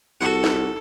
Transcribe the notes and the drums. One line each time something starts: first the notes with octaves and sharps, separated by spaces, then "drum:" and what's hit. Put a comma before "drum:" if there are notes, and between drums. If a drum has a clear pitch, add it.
C2 F#4 A4 F#5
drum: snare